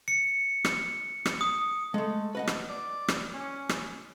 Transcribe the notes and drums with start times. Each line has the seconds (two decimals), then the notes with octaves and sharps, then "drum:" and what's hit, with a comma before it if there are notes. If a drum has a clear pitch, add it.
0.08 C#7
0.65 drum: rim click
1.26 drum: rim click
1.41 D#6
1.94 G#3 A3 A4
2.35 B4 D#5 F#5
2.47 drum: rim click
2.69 D5
3.08 drum: rim click
3.34 C#4
3.69 drum: rim click